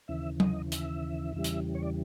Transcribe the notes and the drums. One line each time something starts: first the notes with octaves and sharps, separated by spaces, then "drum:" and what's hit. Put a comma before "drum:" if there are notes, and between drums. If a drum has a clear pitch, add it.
D#2 C#3 E3 E5
D#5, drum: tom F#3
E5, drum: hi-hat
E2 C#3 E3 G3
drum: hi-hat
C#5
D5